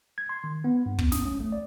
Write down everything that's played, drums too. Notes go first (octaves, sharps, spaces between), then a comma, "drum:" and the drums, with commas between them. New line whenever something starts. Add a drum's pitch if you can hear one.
G#6
C6
D#3
B3
G2
B3, drum: kick
D#6, drum: snare
C#4
A3
D5